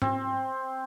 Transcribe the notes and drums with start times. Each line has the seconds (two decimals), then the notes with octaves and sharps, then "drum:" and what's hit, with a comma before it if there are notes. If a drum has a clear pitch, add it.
0.02 C4, drum: tom G#2